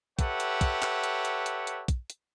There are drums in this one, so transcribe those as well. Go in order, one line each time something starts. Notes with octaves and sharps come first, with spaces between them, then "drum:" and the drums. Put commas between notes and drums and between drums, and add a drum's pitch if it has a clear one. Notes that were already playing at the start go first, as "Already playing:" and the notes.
G4 A4 B4 C#5 E5 F#5, drum: kick, hi-hat
drum: hi-hat
drum: kick, hi-hat
drum: clap
drum: hi-hat
drum: hi-hat
drum: hi-hat
drum: hi-hat
drum: kick, hi-hat
drum: hi-hat